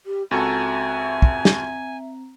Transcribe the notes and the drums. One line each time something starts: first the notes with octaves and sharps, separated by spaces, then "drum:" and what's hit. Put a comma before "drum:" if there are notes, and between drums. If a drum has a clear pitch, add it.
G4
C#2 C4 F#4 A4 E5 G#5 A#5
drum: kick
drum: snare